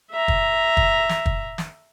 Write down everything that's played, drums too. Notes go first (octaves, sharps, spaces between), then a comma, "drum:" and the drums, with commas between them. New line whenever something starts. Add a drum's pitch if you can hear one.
E5 A#5
drum: kick
drum: kick
drum: snare
drum: kick
drum: snare